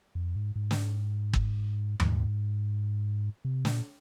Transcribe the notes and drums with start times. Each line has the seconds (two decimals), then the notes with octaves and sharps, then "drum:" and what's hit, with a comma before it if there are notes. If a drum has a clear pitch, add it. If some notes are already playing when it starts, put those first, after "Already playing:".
0.15 F2
0.36 G#2
0.56 G#2
0.71 drum: snare
1.33 drum: kick G1
2.00 G#2, drum: tom D#2
3.45 C3
3.65 A#2, drum: snare